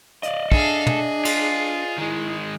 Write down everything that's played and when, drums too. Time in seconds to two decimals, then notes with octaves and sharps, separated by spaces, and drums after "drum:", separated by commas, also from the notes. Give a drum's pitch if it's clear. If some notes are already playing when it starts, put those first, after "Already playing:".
0.23 D5 D#5 F5, drum: hi-hat
0.52 D4 G#4 A4 F5, drum: kick
0.86 G#4, drum: tom
1.25 F4, drum: cymbal
1.98 D#3 G#3 E4